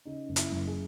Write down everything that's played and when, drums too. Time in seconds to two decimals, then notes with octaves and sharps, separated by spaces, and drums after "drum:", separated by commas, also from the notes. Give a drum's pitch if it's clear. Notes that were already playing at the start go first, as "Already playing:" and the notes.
0.05 C#3 D#4
0.29 F#1
0.36 E4, drum: hi-hat
0.52 F#2
0.68 G#4